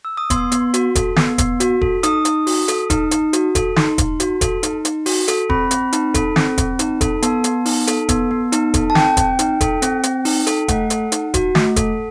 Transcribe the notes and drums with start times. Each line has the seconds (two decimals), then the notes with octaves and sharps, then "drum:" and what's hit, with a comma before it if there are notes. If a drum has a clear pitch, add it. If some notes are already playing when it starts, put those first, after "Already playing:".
0.05 E6
0.17 D#6
0.30 B3 C6, drum: kick E1, hi-hat
0.52 B3, drum: hi-hat
0.74 F#4, drum: hi-hat
0.95 A4, drum: kick E1, hi-hat
1.16 B3, drum: snare
1.38 B3, drum: kick E1, hi-hat
1.60 F#4, drum: hi-hat
1.81 A4, drum: kick E1
2.03 D#4 D#6, drum: hi-hat
2.25 D#4, drum: hi-hat
2.47 F#4, drum: open hi-hat
2.68 A4, drum: hi-hat
2.90 D#4, drum: kick E1, hi-hat
3.11 D#4, drum: hi-hat
3.33 F#4, drum: hi-hat
3.55 A4, drum: kick E1, hi-hat
3.76 D#4 C6, drum: snare
3.98 D#4, drum: kick E1, hi-hat
4.20 F#4, drum: hi-hat
4.41 A4, drum: kick E1, hi-hat
4.63 D#4, drum: hi-hat
4.85 D#4, drum: hi-hat
5.06 F#4, drum: open hi-hat
5.28 A4, drum: hi-hat
5.50 C4 B5, drum: kick E1
5.71 C4, drum: hi-hat
5.93 D#4, drum: hi-hat
6.14 A4, drum: kick E1, hi-hat
6.36 C4, drum: snare
6.58 C4, drum: kick E1, hi-hat
6.79 D#4, drum: hi-hat
7.01 A4, drum: kick E1, hi-hat
7.22 B3 A5, drum: hi-hat
7.44 B3, drum: hi-hat
7.66 D#4, drum: open hi-hat
7.87 A4, drum: hi-hat
8.09 B3, drum: kick E1, hi-hat
8.31 B3
8.52 D#4, drum: hi-hat
8.74 A4, drum: kick E1, hi-hat
8.90 A5
8.95 C4 G5, drum: snare
9.17 C4, drum: kick E1, hi-hat
9.39 D#4, drum: hi-hat
9.61 A4, drum: kick E1, hi-hat
9.82 C4, drum: hi-hat
10.03 C4, drum: hi-hat
10.25 D#4, drum: open hi-hat
10.47 A4, drum: hi-hat
10.68 A3 F#5, drum: kick E1, hi-hat
10.90 A4, drum: hi-hat
11.12 D#4, drum: hi-hat
11.34 F#4, drum: kick E1, hi-hat
11.55 A3, drum: snare
11.76 A4, drum: kick E1, hi-hat